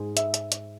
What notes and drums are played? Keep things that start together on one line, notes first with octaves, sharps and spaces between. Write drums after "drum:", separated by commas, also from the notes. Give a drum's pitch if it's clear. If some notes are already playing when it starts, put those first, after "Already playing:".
Already playing: G#2 G#4
E5, drum: hi-hat
drum: hi-hat
drum: hi-hat